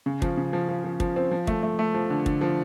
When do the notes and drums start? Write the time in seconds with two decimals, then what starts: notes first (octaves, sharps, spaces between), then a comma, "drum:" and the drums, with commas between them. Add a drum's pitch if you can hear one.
0.06 C#3
0.22 F3, drum: kick
0.37 C#3
0.53 F3
0.69 F3
0.84 F3
1.00 F3, drum: kick
1.16 C4
1.31 F3
1.47 A3, drum: kick
1.63 A3
1.79 A3
1.94 F3
2.10 D3
2.26 D3, drum: kick
2.41 F3